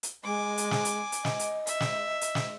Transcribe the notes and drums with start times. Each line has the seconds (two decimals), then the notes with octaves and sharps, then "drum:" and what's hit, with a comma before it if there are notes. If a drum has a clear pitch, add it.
0.03 drum: hi-hat
0.24 G#3 G#5 D6
0.58 drum: hi-hat
0.71 drum: snare
0.85 drum: hi-hat
1.12 drum: hi-hat
1.25 D#5, drum: snare
1.39 drum: hi-hat
1.67 E5, drum: hi-hat
1.80 drum: snare
2.21 drum: hi-hat
2.35 drum: snare